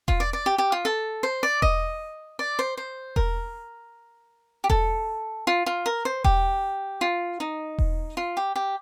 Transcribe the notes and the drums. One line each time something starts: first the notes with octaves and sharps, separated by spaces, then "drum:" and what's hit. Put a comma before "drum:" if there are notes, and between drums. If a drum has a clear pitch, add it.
F4, drum: kick E1
D5
D5
G4
G4
F4
A4
C5
D5
D#5, drum: kick E1
D5
C5
C5
A#4, drum: kick E1
G4
A4, drum: kick E1
F4
F4
A#4
C5
G4, drum: kick E1
F4
D#4
drum: kick E1
F4
G4
G4